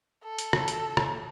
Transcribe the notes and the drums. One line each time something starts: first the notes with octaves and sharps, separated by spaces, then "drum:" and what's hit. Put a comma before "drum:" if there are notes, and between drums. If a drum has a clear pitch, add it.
A4
drum: hi-hat
drum: rim click
drum: hi-hat
drum: rim click